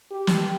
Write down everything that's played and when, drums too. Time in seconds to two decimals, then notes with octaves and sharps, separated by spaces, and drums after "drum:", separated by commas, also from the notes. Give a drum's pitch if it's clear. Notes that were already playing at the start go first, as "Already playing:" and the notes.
0.11 G4
0.27 drum: snare